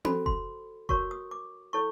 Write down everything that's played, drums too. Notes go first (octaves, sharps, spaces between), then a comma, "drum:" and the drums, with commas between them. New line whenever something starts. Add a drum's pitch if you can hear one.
F#4 A4 C5 B5, drum: tom C4
C6, drum: kick F1
F#4 A#4 C#5 C#6, drum: kick F1
D#6
D6
E4 A4 C#5 C#6